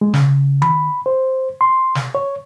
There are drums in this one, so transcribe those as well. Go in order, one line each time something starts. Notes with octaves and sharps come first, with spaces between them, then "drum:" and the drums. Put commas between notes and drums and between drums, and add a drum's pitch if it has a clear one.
G#3
C#3, drum: snare
B5, drum: tom D#3
C5
C6
drum: snare
C#5